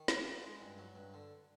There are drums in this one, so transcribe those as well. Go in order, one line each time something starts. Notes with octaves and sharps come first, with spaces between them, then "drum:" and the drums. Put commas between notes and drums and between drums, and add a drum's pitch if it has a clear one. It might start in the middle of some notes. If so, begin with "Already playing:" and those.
Already playing: D#3
B3, drum: snare
D#4
G#3
G2
F#3
G2
D3